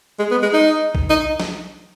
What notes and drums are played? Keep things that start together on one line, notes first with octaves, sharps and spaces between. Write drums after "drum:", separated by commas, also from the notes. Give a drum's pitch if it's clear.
G#3
B3
G#3
D#4
drum: kick A#1
D#4
drum: snare